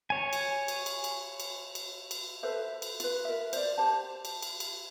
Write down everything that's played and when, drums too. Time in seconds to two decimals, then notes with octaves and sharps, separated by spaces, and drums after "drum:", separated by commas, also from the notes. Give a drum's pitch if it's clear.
0.10 C#5 G#5
0.33 drum: cymbal
0.68 drum: cymbal
0.86 drum: cymbal
1.04 drum: cymbal
1.40 drum: cymbal
1.75 drum: cymbal
2.11 drum: cymbal
2.43 A4 B4 C5 E5
2.82 drum: cymbal
3.00 F4 B4, drum: cymbal
3.25 A#4 E5
3.53 C5 D5, drum: cymbal
3.78 G4 C5 A5
4.25 drum: cymbal
4.42 drum: cymbal
4.60 drum: cymbal